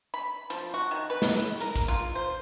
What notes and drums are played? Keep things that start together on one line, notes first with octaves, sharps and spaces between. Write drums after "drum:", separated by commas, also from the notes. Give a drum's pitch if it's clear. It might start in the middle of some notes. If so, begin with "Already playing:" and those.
B5
F3, drum: hi-hat
F#4
D#3
B4
drum: snare
drum: hi-hat
A#4, drum: hi-hat
drum: kick A#1, hi-hat
F4
C5